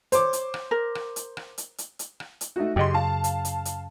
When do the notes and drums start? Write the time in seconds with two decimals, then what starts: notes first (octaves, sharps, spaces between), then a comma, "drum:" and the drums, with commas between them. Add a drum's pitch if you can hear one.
0.12 C5 C#5 D6, drum: hi-hat
0.33 drum: hi-hat
0.54 drum: rim click
0.71 A#4
0.95 drum: rim click
1.16 drum: hi-hat
1.37 drum: rim click
1.58 drum: hi-hat
1.78 drum: hi-hat
1.99 drum: hi-hat
2.20 drum: rim click
2.41 drum: hi-hat
2.56 A3 D#4 F#4
2.76 F#2 C#3 G4 D#5 C6
2.94 F5 A5
3.24 drum: hi-hat
3.45 drum: hi-hat
3.65 drum: hi-hat